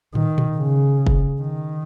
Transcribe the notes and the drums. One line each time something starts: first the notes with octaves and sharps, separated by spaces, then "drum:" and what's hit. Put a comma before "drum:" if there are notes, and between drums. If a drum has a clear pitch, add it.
D#3, drum: tom
drum: tom A#2
C#3
drum: kick F1
D#3